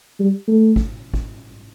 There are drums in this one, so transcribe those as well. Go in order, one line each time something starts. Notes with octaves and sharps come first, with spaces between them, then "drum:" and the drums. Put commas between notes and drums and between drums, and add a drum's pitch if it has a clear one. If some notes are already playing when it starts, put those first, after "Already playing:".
G3
A3
drum: kick
drum: kick